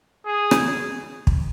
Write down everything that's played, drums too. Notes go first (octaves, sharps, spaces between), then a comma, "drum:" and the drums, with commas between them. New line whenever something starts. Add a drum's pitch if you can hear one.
G#4
drum: rim click
drum: kick